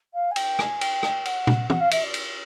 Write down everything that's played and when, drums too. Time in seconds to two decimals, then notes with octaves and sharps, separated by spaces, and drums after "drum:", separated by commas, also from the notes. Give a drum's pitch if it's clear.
0.13 F5
0.31 G#5
0.36 G5, drum: cymbal
0.59 G#5, drum: rim click
0.81 G5, drum: cymbal
1.03 drum: rim click
1.25 F#5, drum: cymbal
1.47 drum: tom
1.70 F#5, drum: tom
1.80 F5
1.91 E5, drum: cymbal
2.03 D5
2.14 drum: cymbal